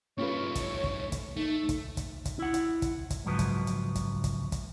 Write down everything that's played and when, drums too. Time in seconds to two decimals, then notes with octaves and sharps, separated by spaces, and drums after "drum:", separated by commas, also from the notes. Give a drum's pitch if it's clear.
0.18 G2 A3 C#4 F4 B4 C#5
0.55 drum: kick, hi-hat
0.84 drum: kick
1.12 drum: kick, hi-hat
1.37 A3 D#4
1.69 drum: kick, hi-hat
1.97 drum: kick, hi-hat
2.25 drum: kick, hi-hat
2.39 E4 F#5
2.54 drum: hi-hat
2.82 drum: kick, hi-hat
3.10 drum: kick, hi-hat
3.25 C#2 G#2 F3 F#3 B4
3.39 drum: kick, hi-hat
3.67 drum: hi-hat
3.95 drum: kick, hi-hat
4.24 drum: kick, hi-hat
4.52 drum: kick, hi-hat